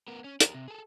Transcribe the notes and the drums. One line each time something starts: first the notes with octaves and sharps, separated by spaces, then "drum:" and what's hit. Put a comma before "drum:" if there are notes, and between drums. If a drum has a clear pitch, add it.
B3 A#4
C#4
G4 A#4, drum: hi-hat
C3
G#4 A4